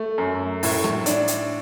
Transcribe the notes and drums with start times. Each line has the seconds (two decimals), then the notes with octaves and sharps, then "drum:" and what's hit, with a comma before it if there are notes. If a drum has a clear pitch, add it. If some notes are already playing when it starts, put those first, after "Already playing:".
Already playing: A3
0.18 F#2
0.63 A2, drum: open hi-hat
0.84 drum: rim click
1.06 D4, drum: hi-hat
1.28 drum: hi-hat